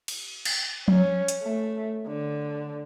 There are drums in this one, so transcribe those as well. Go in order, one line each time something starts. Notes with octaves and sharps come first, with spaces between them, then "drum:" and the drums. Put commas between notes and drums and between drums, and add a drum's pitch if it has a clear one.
drum: cymbal
drum: cymbal
C#4, drum: tom F3
drum: hi-hat
A3
D3